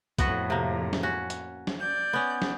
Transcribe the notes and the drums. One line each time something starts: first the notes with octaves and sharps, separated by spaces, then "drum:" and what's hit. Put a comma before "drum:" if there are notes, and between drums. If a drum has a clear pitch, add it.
F2 A2 B3 F#4 B4, drum: kick, hi-hat
C3 A#3
drum: snare
C#4 F#4
drum: hi-hat
drum: snare
D5 G6
B3 C#4
drum: snare